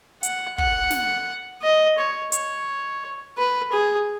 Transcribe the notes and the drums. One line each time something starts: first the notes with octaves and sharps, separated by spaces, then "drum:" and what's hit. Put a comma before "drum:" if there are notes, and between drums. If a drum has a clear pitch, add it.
F#5, drum: hi-hat
F#5, drum: kick
drum: snare
D#5
C#5
C#5, drum: hi-hat
B4
G#4